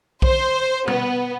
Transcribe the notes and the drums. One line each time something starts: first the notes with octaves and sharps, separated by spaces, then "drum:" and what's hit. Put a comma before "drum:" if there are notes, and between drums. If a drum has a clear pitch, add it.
C5, drum: kick B1
B3, drum: tom